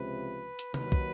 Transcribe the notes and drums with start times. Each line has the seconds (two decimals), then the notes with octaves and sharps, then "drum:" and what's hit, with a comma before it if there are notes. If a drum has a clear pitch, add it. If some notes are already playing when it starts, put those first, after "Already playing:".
Already playing: C#2 C3 F3 B4
0.59 drum: hi-hat
0.74 D#2 D#3 F#3 B4, drum: tom C3
0.92 drum: kick